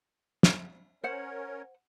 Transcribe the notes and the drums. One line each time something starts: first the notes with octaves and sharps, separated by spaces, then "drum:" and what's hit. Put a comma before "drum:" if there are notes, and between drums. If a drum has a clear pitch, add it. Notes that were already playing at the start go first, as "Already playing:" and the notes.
drum: snare
C#4 A#4 C5 C#5 F#5